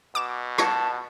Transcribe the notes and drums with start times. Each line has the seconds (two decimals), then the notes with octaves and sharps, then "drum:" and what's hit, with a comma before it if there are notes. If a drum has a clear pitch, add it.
0.15 B2 D6 E7
0.58 A5 G#6 A#6 C#7, drum: rim click